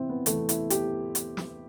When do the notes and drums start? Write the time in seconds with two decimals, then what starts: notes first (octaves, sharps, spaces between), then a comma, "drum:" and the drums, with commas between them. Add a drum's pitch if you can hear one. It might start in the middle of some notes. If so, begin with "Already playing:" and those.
Already playing: C3 E3 C4 E4
0.09 B3
0.26 E2 C3 E3 A3, drum: hi-hat
0.49 E4, drum: hi-hat
0.70 G4, drum: hi-hat
1.15 drum: hi-hat
1.37 drum: snare